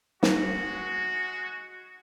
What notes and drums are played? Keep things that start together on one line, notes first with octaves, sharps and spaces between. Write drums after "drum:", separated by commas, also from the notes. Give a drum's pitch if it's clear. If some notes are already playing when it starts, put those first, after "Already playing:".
G#3 F#4, drum: snare